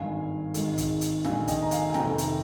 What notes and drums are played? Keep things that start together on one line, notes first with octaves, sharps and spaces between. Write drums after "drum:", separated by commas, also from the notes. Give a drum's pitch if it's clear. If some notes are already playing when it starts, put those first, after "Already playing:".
Already playing: G#1 G2 D#3 F5 G#5
G#1 G#2 D#3, drum: hi-hat
drum: kick, hi-hat
drum: hi-hat
A#1 G#2 D#3 F5 G#5, drum: snare
D#5 G5, drum: kick, hi-hat
A#5
F5 G#5, drum: hi-hat
G#5
F1 F2 C3 D#3 G5 A#5, drum: snare
drum: hi-hat